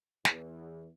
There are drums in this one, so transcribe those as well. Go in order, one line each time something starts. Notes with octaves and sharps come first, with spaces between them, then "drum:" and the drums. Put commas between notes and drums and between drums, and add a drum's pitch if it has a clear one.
E2, drum: snare